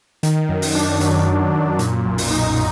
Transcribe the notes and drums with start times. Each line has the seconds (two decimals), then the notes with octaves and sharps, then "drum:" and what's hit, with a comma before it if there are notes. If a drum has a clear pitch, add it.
0.23 D#3, drum: hi-hat
0.49 F#2
0.62 drum: open hi-hat
0.75 D4
1.01 F#3, drum: hi-hat
1.28 D#3
1.53 F#2
1.79 A#2, drum: hi-hat
2.05 B1
2.18 drum: open hi-hat
2.31 D#4